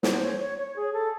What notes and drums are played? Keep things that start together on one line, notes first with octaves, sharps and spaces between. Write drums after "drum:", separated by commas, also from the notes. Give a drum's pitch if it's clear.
C5, drum: snare
C#5
C#5
C#5
G#4
A4